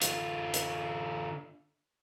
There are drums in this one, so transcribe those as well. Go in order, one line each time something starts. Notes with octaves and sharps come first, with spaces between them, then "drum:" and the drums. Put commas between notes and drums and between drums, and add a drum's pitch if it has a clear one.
D3 F4, drum: hi-hat
drum: hi-hat